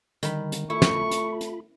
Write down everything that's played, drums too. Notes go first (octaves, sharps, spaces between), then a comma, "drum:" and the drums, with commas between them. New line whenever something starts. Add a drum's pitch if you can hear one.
D3 D#3 G3 B5, drum: hi-hat
drum: hi-hat
A3 E4 F4 B5 C#6
drum: snare
drum: hi-hat
drum: hi-hat